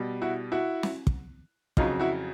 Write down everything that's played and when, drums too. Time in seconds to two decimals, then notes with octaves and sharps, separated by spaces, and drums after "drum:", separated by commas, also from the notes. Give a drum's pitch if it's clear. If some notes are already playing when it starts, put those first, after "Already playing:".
Already playing: B2 G3
0.22 E4 F#4
0.52 E4 F#4
0.83 drum: snare
1.07 drum: kick
1.77 F2 C#3 F#3 D#4 F4, drum: kick
1.99 E4 F#4